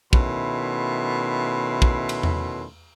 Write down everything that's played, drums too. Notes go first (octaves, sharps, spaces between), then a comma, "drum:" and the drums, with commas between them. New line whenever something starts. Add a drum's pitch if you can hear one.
B2 D#3 A3 C#4 E4 C6, drum: kick
drum: kick
drum: cymbal
drum: tom E2